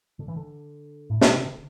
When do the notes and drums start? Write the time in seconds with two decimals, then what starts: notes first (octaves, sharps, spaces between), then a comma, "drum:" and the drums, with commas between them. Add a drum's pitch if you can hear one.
0.19 D3
0.28 E3
0.36 D3
1.10 A2
1.21 B2, drum: snare
1.34 C3
1.45 D3